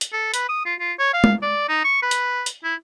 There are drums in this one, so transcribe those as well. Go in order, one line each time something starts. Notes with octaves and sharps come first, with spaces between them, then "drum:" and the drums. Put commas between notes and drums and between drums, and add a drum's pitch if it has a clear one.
drum: hi-hat
A4
B4, drum: hi-hat
D#6
F4
F4
C#5
F5
drum: tom
D5
D#4
C#6
B4
drum: hi-hat
drum: hi-hat
E4